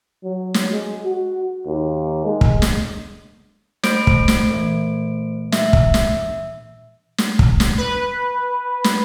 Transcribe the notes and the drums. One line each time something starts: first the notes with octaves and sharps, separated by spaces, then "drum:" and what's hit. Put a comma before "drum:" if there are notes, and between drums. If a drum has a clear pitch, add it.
F#3
drum: snare
G#3
F#4
D#2
G#3
drum: kick
drum: snare
A3 C5 D7, drum: snare
drum: kick
drum: snare
A#2 E3
E5, drum: snare
drum: kick
drum: snare
drum: snare
drum: kick
drum: snare
B4
drum: snare